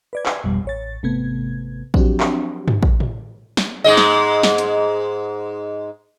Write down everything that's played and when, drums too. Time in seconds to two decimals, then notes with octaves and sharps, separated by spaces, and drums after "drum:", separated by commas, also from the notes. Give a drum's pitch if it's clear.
0.13 B4 D5 G#6
0.26 drum: clap
0.44 G#1 F2 B2 G3
0.65 A1 C#5 A6
1.03 G#1 C3 A3 B3 G#6
1.94 F3 F#3 C4 D4 F#4 G4, drum: kick A1
2.20 drum: clap
2.68 drum: tom G2
2.83 drum: kick A1
3.00 drum: tom A2
3.57 drum: snare
3.84 G#2 G#3 D#5
3.97 drum: snare
4.43 drum: snare
4.58 drum: hi-hat